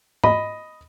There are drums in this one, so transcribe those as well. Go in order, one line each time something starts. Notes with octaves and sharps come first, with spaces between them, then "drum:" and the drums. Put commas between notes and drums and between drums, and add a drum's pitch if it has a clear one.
D#5 B5, drum: tom G#2